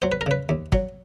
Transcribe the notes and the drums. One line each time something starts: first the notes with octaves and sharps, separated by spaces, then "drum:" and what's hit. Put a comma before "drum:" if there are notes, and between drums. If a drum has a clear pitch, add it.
F#3 C5
B4
A#4
C#3 B4
D#2
F#3, drum: kick